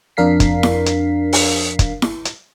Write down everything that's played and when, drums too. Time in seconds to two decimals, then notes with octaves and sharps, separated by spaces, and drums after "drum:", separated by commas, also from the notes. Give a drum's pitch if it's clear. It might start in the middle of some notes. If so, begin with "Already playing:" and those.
0.17 F2 D4 A#4 F5 B6 C7
0.40 drum: kick, hi-hat
0.63 drum: snare E4
0.86 drum: hi-hat
1.33 drum: open hi-hat
1.79 drum: kick, hi-hat
2.02 drum: snare E4
2.25 drum: hi-hat